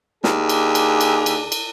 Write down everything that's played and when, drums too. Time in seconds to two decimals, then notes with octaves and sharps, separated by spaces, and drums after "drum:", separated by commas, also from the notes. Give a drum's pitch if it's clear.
0.24 D#2 D4 G#4, drum: snare
0.49 drum: cymbal
0.75 drum: cymbal
1.01 drum: cymbal
1.26 drum: cymbal
1.52 drum: cymbal